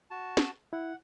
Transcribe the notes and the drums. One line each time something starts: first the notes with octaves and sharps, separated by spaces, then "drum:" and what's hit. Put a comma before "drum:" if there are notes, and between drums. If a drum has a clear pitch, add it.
F#4 A5
drum: snare
E4 F#5